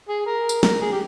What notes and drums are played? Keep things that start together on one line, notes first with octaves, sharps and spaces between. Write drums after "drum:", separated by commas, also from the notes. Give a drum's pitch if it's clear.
G#4
A#4
drum: tambourine
A#4, drum: snare
G#4
G4